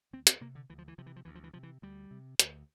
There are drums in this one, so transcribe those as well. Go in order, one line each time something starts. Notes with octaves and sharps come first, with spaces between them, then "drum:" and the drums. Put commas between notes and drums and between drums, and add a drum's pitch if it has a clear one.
D2 C4
C4, drum: hi-hat
C3 A#3
D3
D2 E3
F3
E3
C3 F3
E3
F3
D2 E3
F3
E3
C3 F3
E3
D2 G3
C3
D2, drum: hi-hat